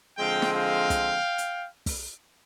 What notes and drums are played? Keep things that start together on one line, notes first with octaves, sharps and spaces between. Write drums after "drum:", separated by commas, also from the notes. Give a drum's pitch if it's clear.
D3 F3 G#3 C4 F5 G5
drum: snare
F5 G5
drum: kick, hi-hat
drum: hi-hat
drum: kick, open hi-hat